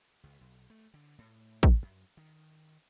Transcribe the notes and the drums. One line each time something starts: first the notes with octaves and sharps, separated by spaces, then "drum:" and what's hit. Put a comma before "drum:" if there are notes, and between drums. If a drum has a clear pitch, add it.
C#2
B1
A3
D3
A2
drum: kick
F#2
D#3